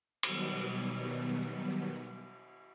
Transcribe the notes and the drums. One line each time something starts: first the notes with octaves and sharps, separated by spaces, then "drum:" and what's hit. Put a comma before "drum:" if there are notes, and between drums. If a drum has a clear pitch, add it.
B2 D#3 F#3 G3 B3, drum: cymbal